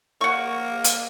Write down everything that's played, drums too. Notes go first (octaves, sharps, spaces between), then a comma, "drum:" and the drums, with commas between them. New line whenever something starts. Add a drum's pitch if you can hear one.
A#3 F#5 C#6
drum: hi-hat